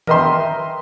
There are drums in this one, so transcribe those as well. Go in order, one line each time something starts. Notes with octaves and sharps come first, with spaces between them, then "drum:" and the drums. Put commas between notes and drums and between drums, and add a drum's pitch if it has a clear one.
A#4 B4 D#5 E5 G5 C6, drum: tom D#3